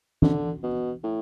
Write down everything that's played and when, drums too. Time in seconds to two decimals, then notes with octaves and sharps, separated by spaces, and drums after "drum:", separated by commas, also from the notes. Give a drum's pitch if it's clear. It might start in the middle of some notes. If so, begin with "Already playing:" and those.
0.22 D3, drum: tom E3
0.63 B2
1.04 A2